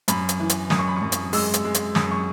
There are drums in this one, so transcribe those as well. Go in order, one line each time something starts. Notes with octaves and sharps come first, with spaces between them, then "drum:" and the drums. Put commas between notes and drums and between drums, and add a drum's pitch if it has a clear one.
F#2 B5, drum: hi-hat
drum: hi-hat
E3
drum: hi-hat
F#2 D#6, drum: snare
C#6
B5
C#6
F#2
drum: hi-hat
G#3 E6, drum: open hi-hat
drum: hi-hat
G#3
drum: hi-hat
F#2 D#6, drum: snare
C#6